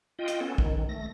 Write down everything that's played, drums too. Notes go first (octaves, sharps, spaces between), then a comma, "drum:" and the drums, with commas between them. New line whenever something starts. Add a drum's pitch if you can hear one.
F4 D#5 G5
drum: hi-hat
B3 C#4 A4
D#3, drum: kick
A3 A#6